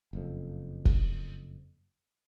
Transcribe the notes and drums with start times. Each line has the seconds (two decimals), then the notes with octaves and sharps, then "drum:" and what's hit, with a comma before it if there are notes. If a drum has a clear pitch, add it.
0.13 F#1 F2
0.85 drum: kick